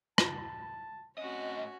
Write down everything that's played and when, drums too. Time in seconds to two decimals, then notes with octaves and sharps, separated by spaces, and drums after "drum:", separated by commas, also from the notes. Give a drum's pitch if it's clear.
0.18 A5, drum: rim click
1.18 A2 C4 C#4 F#4 D#5